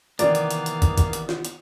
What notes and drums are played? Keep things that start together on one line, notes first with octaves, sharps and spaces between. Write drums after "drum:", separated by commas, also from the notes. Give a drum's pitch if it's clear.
C3 D#3 E3 A#3 B3 D5, drum: hi-hat
drum: hi-hat
drum: hi-hat
drum: hi-hat
drum: kick, hi-hat
drum: kick, hi-hat
drum: hi-hat
drum: snare
drum: hi-hat